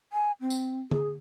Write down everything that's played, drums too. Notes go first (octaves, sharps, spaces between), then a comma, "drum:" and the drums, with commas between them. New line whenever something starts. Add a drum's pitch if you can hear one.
G#5
C4
drum: tambourine
G#4, drum: tom D3